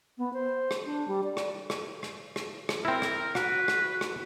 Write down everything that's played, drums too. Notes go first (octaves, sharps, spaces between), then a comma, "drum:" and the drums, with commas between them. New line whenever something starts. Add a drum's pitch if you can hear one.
B3
C5
drum: rim click
D4
G3
D5
drum: rim click
drum: rim click
drum: rim click
drum: rim click
drum: rim click
C4 E4 A#4
drum: rim click
F#4 B4, drum: rim click
drum: rim click
drum: rim click